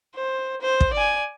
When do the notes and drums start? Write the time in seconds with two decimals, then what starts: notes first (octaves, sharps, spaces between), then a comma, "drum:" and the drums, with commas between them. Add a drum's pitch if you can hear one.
0.14 C5
0.61 C5
0.81 drum: kick
0.94 D5 G#5